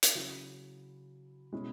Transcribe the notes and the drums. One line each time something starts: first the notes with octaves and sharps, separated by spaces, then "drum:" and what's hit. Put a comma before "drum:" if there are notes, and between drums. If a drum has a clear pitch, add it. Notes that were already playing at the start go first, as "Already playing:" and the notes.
drum: hi-hat
C#3 F#3 E4
B2 G#3 C#4 E4